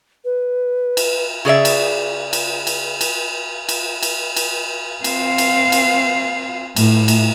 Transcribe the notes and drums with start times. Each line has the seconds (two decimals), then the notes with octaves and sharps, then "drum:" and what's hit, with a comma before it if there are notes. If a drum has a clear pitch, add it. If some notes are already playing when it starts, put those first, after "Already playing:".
0.25 B4
0.97 drum: cymbal
1.45 C#3 G#4 D5 E5
1.65 drum: cymbal
2.33 drum: cymbal
2.67 drum: cymbal
3.01 drum: cymbal
3.69 drum: cymbal
4.03 drum: cymbal
4.36 drum: cymbal
5.04 C4 F5, drum: cymbal
5.38 drum: cymbal
5.72 drum: cymbal
6.76 A2, drum: cymbal
7.08 drum: cymbal